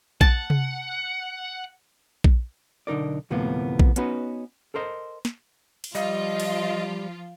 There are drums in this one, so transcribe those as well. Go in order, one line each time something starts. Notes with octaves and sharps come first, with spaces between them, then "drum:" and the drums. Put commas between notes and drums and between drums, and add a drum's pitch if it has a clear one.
F#5 A5, drum: kick A#1
drum: tom C3
drum: kick A#1
B1 D3 D#4 A#4 D5
D2 A2 C3 F3 A#3 B3
drum: kick A#1
B3 C#4 D#4 F#4 B4, drum: hi-hat
A4 A#4 C5 D#5
drum: snare
drum: cymbal
F3 G3 F4 D#5
drum: cymbal